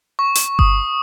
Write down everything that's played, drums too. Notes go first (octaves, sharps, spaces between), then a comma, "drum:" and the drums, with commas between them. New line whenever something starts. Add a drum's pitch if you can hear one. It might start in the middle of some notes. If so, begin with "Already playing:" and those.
C#6
drum: hi-hat
D#6, drum: kick G1